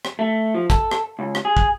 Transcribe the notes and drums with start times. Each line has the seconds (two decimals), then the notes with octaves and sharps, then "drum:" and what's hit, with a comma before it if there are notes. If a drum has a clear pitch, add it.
0.05 drum: rim click
0.19 A3
0.54 F3
0.70 A4, drum: kick, hi-hat
0.91 drum: rim click
1.19 C#2
1.35 drum: rim click
1.45 G#4
1.57 drum: kick